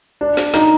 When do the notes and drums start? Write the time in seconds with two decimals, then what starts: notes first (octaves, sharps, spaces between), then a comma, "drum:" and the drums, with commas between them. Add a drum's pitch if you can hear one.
0.21 D4
0.37 drum: snare
0.54 D#4, drum: snare